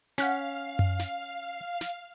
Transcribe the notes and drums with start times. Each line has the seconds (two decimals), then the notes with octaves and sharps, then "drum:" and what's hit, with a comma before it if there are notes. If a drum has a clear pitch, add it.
0.18 C#4 F5 F#5 F6 B6, drum: snare
0.79 drum: tom F#2
0.99 drum: snare
1.81 drum: snare